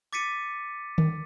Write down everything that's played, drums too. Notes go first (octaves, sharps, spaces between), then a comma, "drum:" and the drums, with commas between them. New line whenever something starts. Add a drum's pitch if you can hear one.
D6 A6 B6 C#7 D#7
drum: tom D3